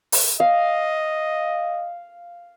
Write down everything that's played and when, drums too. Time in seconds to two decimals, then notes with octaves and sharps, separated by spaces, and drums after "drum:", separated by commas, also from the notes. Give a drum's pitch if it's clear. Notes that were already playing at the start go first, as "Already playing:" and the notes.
0.12 drum: open hi-hat
0.40 D#5 F5